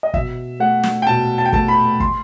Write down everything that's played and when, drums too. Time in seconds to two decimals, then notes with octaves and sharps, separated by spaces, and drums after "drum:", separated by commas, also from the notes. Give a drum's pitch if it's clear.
0.03 D#5
0.14 B2 E5, drum: kick
0.60 A3 F#5
0.83 drum: snare
1.02 G5
1.07 B2 A5
1.38 A5
1.45 G5
1.53 A3 A5, drum: kick
1.68 B5
2.00 C6, drum: kick